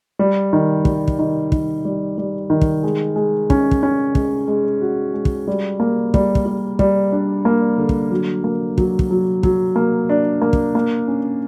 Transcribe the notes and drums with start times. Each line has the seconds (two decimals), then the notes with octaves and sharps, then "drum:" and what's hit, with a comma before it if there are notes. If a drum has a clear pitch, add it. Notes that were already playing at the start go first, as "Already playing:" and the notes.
0.19 G3
0.53 D#3
0.85 G3, drum: kick
1.08 drum: kick
1.19 D#3
1.52 D#3, drum: kick
1.85 G3
2.18 G3
2.50 D#3
2.61 drum: kick
2.84 G#3
3.16 G#3
3.50 C#4, drum: kick
3.71 drum: kick
3.83 C#4
4.15 G#3, drum: kick
4.48 G#3
4.81 F#4
5.14 G#3
5.25 drum: kick
5.48 G3
5.80 A#3
6.14 G3, drum: kick
6.35 drum: kick
6.46 G3
6.79 G3, drum: kick
7.12 D4
7.45 A#3
7.78 D3
7.89 drum: kick
8.11 F#3
8.44 A#3
8.78 F#3, drum: kick
8.99 drum: kick
9.11 F#3
9.43 F#3, drum: kick
9.76 A#3
10.09 D4
10.41 A#3
10.53 drum: kick
10.75 A#3
11.08 C#4